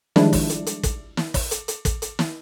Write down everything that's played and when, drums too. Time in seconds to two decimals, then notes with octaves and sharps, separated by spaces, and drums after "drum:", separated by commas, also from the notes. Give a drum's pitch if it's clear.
0.16 D#3 F3 G3 G#3 D4 E4, drum: snare
0.33 drum: kick, open hi-hat
0.50 drum: hi-hat
0.67 drum: hi-hat
0.83 drum: kick, hi-hat
1.17 drum: snare
1.34 drum: kick, open hi-hat
1.51 drum: hi-hat
1.68 drum: hi-hat
1.85 drum: kick, hi-hat
2.02 drum: hi-hat
2.19 drum: snare